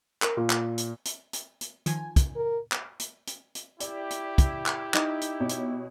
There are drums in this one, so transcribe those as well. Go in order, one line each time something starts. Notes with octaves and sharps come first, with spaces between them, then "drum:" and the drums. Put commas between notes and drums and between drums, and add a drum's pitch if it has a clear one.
A#4, drum: clap
A#2
drum: clap
drum: hi-hat
drum: hi-hat
drum: hi-hat
drum: hi-hat
D#3 F3 G#5, drum: hi-hat
drum: kick, hi-hat
A#4
drum: clap
drum: hi-hat
drum: hi-hat
drum: hi-hat
E4 G4 D5, drum: hi-hat
drum: hi-hat
drum: kick, hi-hat
drum: clap
D#4, drum: clap
drum: hi-hat
B2 C#5
drum: hi-hat